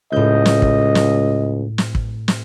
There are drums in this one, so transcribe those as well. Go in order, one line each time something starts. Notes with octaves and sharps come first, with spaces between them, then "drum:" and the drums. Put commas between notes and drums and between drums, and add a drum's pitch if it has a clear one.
C#2 A2 D#5 G6
drum: snare
drum: kick
drum: snare
drum: snare
drum: kick
drum: snare